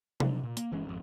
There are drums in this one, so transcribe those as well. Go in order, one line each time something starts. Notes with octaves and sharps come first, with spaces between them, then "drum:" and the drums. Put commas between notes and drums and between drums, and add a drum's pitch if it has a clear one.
C#3 F3 F#3 D4, drum: tom C3
A#2
A#3, drum: hi-hat
G1 E3 G#3 C#4
G#1 F2